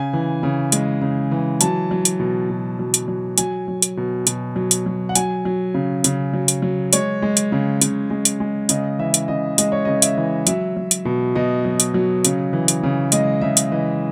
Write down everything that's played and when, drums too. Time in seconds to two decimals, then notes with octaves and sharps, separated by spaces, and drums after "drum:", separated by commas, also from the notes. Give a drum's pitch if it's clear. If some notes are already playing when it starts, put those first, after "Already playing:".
Already playing: C#3 G#5
0.13 E3
0.43 C#3
0.72 G#3, drum: hi-hat
1.02 C#3
1.31 E3
1.61 F#3 A5, drum: hi-hat
1.91 F#3
2.05 drum: hi-hat
2.20 B2
2.50 B2
2.79 F#3
2.94 drum: hi-hat
3.08 F#3
3.38 F#3 G#5, drum: hi-hat
3.68 F#3
3.82 drum: hi-hat
3.97 B2
4.27 B2, drum: hi-hat
4.56 F#3
4.71 drum: hi-hat
4.86 F#3
5.09 F#5
5.15 F#3 G#5, drum: hi-hat
5.45 F#3
5.74 C#3
6.04 C#3, drum: hi-hat
6.33 F#3
6.48 drum: hi-hat
6.62 F#3
6.93 G#3 C#5, drum: hi-hat
7.22 G#3
7.37 drum: hi-hat
7.52 C#3
7.81 C#3, drum: hi-hat
8.10 G#3
8.25 drum: hi-hat
8.40 G#3
8.69 C#3 D#5, drum: hi-hat
8.99 E3 E5
9.14 drum: hi-hat
9.28 C#3 D#5
9.58 G#3 D#5, drum: hi-hat
9.72 C#5
9.85 C#3 D#5
10.02 E5, drum: hi-hat
10.17 E3
10.47 F#3 E5, drum: hi-hat
10.77 F#3
10.91 drum: hi-hat
11.05 B2
11.35 B2 D#5
11.65 F#3
11.80 drum: hi-hat
11.94 F#3
12.25 C#3, drum: hi-hat
12.53 E3
12.68 drum: hi-hat
12.83 C#3
13.12 G#3 D#5, drum: hi-hat
13.41 C#3 E5
13.57 drum: hi-hat
13.72 E3 D#5